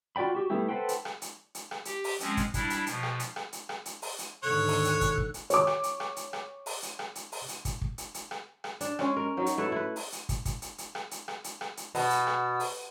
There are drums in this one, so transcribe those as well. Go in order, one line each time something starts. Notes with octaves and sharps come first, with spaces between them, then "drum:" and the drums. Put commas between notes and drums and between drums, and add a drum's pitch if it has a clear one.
F4 F#4 D5 G5 B5
F#4 G4
G3 A3 B3 E4 G4
A4 B4 C5 F#5 G5
drum: hi-hat
drum: rim click
drum: hi-hat
drum: hi-hat
drum: rim click
G4, drum: hi-hat
drum: open hi-hat
F3 G#3 C4 C#4, drum: hi-hat
drum: kick, hi-hat
G3 D4 E4, drum: kick, hi-hat
drum: hi-hat
B2 F3, drum: hi-hat
drum: rim click
drum: hi-hat
drum: rim click
drum: hi-hat
drum: rim click
drum: hi-hat
drum: open hi-hat
drum: hi-hat
D#2 G#2 D3 A4 C#5 F#6
drum: open hi-hat
drum: hi-hat
drum: kick, hi-hat
drum: kick
drum: hi-hat
C#5 D6, drum: hi-hat
drum: rim click
drum: hi-hat
drum: rim click
drum: hi-hat
drum: rim click
drum: open hi-hat
drum: hi-hat
drum: rim click
drum: hi-hat
drum: open hi-hat
drum: hi-hat
drum: kick, hi-hat
drum: kick
drum: hi-hat
drum: hi-hat
drum: rim click
drum: rim click
D4, drum: hi-hat
G#3 C#4, drum: rim click
A#4
F#3 D#4
drum: hi-hat
A3 E4 B4
E4 B4
drum: open hi-hat
drum: hi-hat
drum: kick, hi-hat
drum: kick, hi-hat
drum: hi-hat
drum: hi-hat
drum: rim click
drum: hi-hat
drum: rim click
drum: hi-hat
drum: rim click
drum: hi-hat
B2, drum: open hi-hat
drum: hi-hat
drum: rim click
drum: open hi-hat